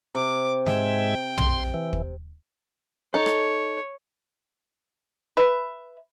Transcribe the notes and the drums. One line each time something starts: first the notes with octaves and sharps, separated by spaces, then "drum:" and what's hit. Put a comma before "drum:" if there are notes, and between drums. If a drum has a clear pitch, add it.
C3 D6
G#2 G#3 E5 G5, drum: snare
C6, drum: tom
E3
drum: kick
D#4 A4 C#5
drum: rim click
B4 E5